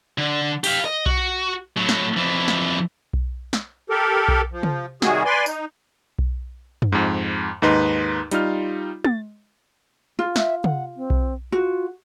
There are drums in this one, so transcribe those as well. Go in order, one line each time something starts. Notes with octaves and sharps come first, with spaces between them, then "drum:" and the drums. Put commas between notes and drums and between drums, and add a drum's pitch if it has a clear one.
D3
G4 F5, drum: open hi-hat
D#5
F#4, drum: kick B1
A2 F#3
drum: snare
F2 E3
drum: snare
drum: kick B1
drum: snare
G4 A4 A#4
drum: kick B1
F3
drum: tom
C3 D#3 G3 F#4 G#4, drum: snare
B4 D5 G#5 C6
D#4, drum: tambourine
drum: kick B1
drum: tom
F2 G#2
D#2 G#2 D#4 B4 C6
G3 D#4 F4 F6, drum: hi-hat
A6, drum: tom
F4
E5, drum: snare
F#5, drum: tom
C4
drum: kick B1
F4 F#4